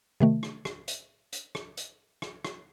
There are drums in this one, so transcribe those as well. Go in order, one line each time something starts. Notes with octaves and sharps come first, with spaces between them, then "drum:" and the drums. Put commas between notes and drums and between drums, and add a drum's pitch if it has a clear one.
C3 D#3 A3
drum: rim click
drum: rim click
drum: hi-hat
drum: hi-hat
drum: rim click
drum: hi-hat
drum: rim click
drum: rim click